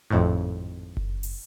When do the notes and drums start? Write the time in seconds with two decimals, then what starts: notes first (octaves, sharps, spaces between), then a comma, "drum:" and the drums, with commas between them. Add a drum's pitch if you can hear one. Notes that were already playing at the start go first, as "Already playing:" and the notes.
0.11 G#1 F2 A2
0.97 drum: kick F#1
1.23 drum: open hi-hat